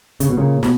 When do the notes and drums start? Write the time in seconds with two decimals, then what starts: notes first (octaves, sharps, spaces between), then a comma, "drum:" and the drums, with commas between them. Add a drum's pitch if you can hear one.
0.20 C#3, drum: hi-hat
0.29 B2
0.37 A#2 C#3
0.63 B2, drum: snare